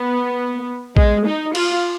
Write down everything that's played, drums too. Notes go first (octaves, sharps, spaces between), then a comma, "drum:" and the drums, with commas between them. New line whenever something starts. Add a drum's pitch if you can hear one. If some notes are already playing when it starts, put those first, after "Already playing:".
Already playing: B3
G#3, drum: kick A#1
D#4
F4, drum: cymbal